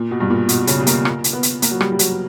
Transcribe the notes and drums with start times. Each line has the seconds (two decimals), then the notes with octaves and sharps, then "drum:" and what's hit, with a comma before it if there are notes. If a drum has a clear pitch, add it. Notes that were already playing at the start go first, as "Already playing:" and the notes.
Already playing: A#2
0.11 B2
0.20 G2
0.30 A#2
0.49 B2, drum: hi-hat
0.67 C#3, drum: hi-hat
0.81 G3
0.87 A#3, drum: hi-hat
1.05 A#3, drum: rim click
1.24 drum: hi-hat
1.33 B3
1.43 drum: hi-hat
1.62 A#3, drum: hi-hat
1.71 F#3
1.81 G3, drum: rim click
1.92 G3
1.99 F#3, drum: hi-hat